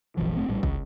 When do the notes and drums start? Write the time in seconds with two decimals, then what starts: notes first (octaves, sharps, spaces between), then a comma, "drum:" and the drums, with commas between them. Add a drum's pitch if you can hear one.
0.17 F1 A#1 E3 F#3
0.36 F1 A3 C4
0.48 A#1 A2 G3
0.63 C#2, drum: kick